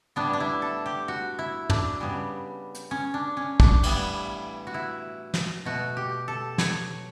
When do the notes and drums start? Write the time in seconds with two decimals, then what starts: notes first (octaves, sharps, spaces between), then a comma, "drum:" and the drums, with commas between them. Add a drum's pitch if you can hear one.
0.16 A2 G3 B3 D4
0.33 D4
0.40 E4
0.62 A4
0.86 G4
1.08 F#4
1.39 E4
1.70 D4, drum: tom
2.00 C#3 G3 B3
2.75 drum: hi-hat
2.91 C#4
3.14 D4
3.37 C#4
3.60 D4, drum: kick
3.83 A2 E3 G3 B3, drum: cymbal
4.67 F#4
4.74 E4
5.34 drum: snare
5.65 B2 A3 F#4
5.97 G4
6.28 A4
6.58 C#5, drum: snare